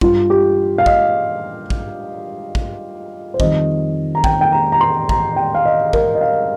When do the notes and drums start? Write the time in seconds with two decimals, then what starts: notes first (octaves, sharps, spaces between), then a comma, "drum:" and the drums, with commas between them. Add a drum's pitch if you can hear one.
0.01 G2 G3 F4, drum: kick
0.30 G4
0.78 F5
0.86 D#5, drum: kick
1.70 drum: kick
2.55 drum: kick
3.34 C5
3.40 F2 D#3 G3 D#5, drum: kick
4.15 A#5
4.24 G5, drum: kick
4.41 G5
4.52 A#5
4.72 A#5
4.81 C6
5.09 A#5, drum: kick
5.36 G5
5.55 F5
5.65 D#5
5.93 A#4, drum: kick
6.15 D#5
6.21 F5